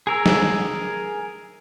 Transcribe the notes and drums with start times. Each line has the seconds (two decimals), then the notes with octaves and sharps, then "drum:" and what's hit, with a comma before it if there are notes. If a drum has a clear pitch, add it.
0.07 G#4 A#4 E6
0.26 drum: snare